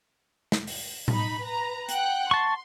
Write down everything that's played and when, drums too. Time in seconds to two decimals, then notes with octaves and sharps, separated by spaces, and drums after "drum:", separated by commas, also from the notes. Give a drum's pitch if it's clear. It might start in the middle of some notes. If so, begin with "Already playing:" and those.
0.52 drum: snare
0.67 drum: open hi-hat
1.08 D#4 B5, drum: tom A2
1.41 B4 A#5
1.89 F#5 G5 F#6, drum: hi-hat
2.31 A5 C6 C#6